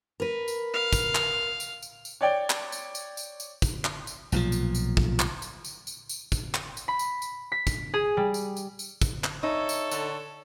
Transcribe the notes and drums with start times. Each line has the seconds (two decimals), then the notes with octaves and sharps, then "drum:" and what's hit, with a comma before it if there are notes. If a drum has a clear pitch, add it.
0.20 A#4 B4
0.48 drum: tambourine
0.73 F5
0.93 drum: kick, tambourine
1.15 drum: clap
1.60 drum: tambourine
1.82 drum: tambourine
2.05 drum: tambourine
2.21 C#5 D5 G5
2.50 drum: clap
2.72 drum: tambourine
2.95 drum: tambourine
3.17 drum: tambourine
3.40 drum: tambourine
3.62 drum: kick, tambourine
3.85 drum: clap
4.07 drum: tambourine
4.32 B1 A#2 E3 F3, drum: tambourine
4.52 drum: tambourine
4.75 drum: tambourine
4.97 drum: kick
5.20 drum: clap
5.42 drum: tambourine
5.64 drum: tambourine
5.87 drum: tambourine
6.09 drum: tambourine
6.32 drum: kick, tambourine
6.54 drum: clap
6.77 drum: tambourine
6.88 B5
6.99 drum: tambourine
7.22 drum: tambourine
7.52 B6
7.67 drum: kick, tambourine
7.94 G#4
8.17 G3
8.34 drum: tambourine
8.57 drum: tambourine
8.79 drum: tambourine
9.02 drum: kick, tambourine
9.24 drum: clap
9.43 D#4 A4 C#5 E5
9.69 drum: tambourine
9.91 D3, drum: tambourine